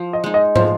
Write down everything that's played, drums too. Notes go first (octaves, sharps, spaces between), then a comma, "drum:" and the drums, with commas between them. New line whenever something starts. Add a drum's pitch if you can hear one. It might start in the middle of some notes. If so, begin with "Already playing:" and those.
Already playing: F3
D#5
G#3 D#4
D#5
F3 C5, drum: tom